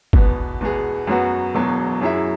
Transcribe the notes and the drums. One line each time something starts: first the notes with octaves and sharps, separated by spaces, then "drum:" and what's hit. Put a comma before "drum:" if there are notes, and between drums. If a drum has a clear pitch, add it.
E2 B2 B3, drum: kick G1
E2 B2 B3 G#4
F#2 F#3 B3 F#4
E1 E2 B2 F#3
F#2 F#3 E4 G#4 E5